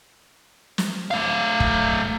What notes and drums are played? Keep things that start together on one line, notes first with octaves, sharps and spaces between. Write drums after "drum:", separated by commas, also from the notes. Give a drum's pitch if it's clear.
drum: snare
A3 F5
drum: kick